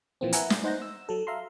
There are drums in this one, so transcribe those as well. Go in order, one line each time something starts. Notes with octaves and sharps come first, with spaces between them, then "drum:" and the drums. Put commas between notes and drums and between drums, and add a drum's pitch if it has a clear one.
A#2 E3 F3 A#3 C4
B4 E5 F#5 G#5 A#5, drum: hi-hat
drum: snare
D#4 C5 F#5 G6 A#6
E6
F#3 A4
E5 F5 A#5 C6